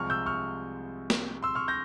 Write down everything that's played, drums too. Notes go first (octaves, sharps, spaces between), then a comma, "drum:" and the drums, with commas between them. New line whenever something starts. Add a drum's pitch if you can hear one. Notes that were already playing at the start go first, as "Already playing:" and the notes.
Already playing: C2 C3 F3 G#3 C#6 F6
E6 G6
C#6 F6
drum: snare
C6 E6
C#6 F6
G6 A#6